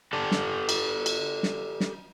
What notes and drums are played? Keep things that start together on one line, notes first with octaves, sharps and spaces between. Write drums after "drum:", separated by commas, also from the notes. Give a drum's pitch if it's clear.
G4 A4 D5 F#5 A5
drum: snare
drum: cymbal
drum: cymbal
drum: snare
drum: snare